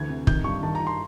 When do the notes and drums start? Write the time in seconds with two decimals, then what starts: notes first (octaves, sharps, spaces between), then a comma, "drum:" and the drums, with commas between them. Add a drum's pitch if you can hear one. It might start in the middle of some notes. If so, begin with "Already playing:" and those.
Already playing: D2 E3 G#6
0.10 C3
0.27 D#3 G6, drum: kick
0.44 G2 C#6
0.63 D#3 A5
0.75 D#3 A#5
0.87 C6